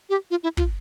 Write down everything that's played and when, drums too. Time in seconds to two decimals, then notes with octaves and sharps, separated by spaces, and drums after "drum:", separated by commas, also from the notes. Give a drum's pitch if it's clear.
0.10 G4
0.31 F4
0.43 E4
0.57 F4, drum: kick